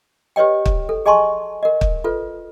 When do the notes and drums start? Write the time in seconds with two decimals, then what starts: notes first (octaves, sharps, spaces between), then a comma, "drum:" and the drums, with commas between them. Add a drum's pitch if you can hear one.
0.36 G4 B4 C#5 D#5 G5
0.66 drum: kick
0.89 A4
1.06 G#4 D#5 G#5 A5 C6 C#6
1.63 A#4 D#5
1.81 drum: kick
2.04 F4 A4 B4